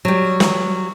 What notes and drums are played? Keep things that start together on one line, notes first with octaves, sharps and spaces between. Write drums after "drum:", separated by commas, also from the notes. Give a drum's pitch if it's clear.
F#3 G3
drum: snare